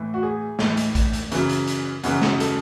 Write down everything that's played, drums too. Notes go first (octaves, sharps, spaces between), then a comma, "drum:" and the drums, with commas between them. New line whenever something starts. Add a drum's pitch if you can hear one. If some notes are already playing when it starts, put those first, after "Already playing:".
Already playing: A2 E3
F#4
G#4
A2 E3, drum: snare
drum: hi-hat
drum: kick A#1, hi-hat
drum: hi-hat
F#2 C#3 E3, drum: hi-hat
drum: hi-hat
drum: hi-hat
F#2 C#3 E3 F#4, drum: hi-hat
drum: snare
A4, drum: hi-hat